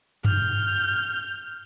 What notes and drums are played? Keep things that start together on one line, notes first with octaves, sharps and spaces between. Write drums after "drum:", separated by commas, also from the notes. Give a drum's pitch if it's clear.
F6 G6, drum: tom F#2